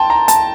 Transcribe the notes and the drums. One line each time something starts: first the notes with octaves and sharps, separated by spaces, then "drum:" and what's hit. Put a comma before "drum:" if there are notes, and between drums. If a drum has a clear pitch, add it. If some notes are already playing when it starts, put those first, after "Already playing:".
Already playing: G5 A5 C6
A#5
A5, drum: hi-hat